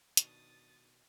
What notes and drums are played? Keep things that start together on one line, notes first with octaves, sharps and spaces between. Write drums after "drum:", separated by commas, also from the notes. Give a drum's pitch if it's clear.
B2 D#3 D4 D#6 A6, drum: hi-hat